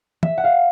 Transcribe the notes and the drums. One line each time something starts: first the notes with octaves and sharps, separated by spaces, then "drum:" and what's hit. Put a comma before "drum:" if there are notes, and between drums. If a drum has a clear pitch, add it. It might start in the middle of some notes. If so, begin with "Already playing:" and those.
E5, drum: tom
F#5
F5